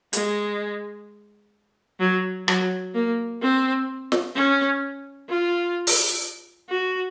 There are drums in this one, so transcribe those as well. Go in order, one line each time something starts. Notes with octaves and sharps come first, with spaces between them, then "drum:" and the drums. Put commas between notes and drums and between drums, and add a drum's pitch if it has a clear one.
G#3, drum: hi-hat
F#3
F#3, drum: rim click
A#3
C4
drum: snare
C#4
F4
drum: open hi-hat
F#4